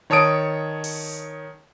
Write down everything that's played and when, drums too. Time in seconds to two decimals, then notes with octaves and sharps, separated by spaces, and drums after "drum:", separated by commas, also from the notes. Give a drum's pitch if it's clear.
0.10 D#3 C#5 A5 D#6 D7
0.84 drum: open hi-hat